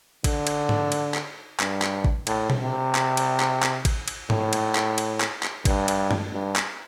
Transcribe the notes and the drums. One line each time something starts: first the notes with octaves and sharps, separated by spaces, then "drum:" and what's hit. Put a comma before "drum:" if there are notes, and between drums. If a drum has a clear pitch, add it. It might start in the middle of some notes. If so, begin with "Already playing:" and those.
D3, drum: kick G#1, cymbal
drum: cymbal
drum: tom G#2
drum: cymbal
drum: clap
G2, drum: clap
drum: clap
drum: kick G#1
A2, drum: cymbal
drum: tom B2
C3
drum: clap
drum: cymbal
drum: clap
drum: clap
drum: kick G#1, cymbal
drum: cymbal
A2, drum: tom G#2
drum: cymbal
drum: clap
drum: cymbal
drum: clap
drum: clap
G2, drum: kick G#1, cymbal
drum: cymbal
drum: tom G2
G2
drum: clap